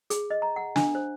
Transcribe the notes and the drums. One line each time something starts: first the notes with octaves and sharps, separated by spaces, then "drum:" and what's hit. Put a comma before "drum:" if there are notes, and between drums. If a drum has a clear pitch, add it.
G#4, drum: hi-hat
D#5
A#5
F#5
D4, drum: snare
C5